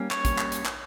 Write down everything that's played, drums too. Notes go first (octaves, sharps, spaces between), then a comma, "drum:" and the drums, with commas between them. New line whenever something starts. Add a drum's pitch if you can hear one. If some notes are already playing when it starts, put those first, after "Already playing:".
Already playing: G3 A#3 C#4
C#5, drum: clap
drum: kick G#1, hi-hat
drum: clap
drum: hi-hat
drum: clap